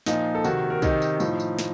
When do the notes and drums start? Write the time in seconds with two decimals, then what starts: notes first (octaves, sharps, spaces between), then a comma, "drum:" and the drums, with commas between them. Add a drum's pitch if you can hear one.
0.06 A#2 F3 D#4, drum: snare
0.35 A4
0.44 C3 D#3 F#4, drum: tambourine
0.70 A#4
0.82 C3 D#3 D#4, drum: kick, tambourine
1.02 drum: tambourine
1.20 A2 F3, drum: tambourine
1.40 drum: tambourine
1.59 drum: snare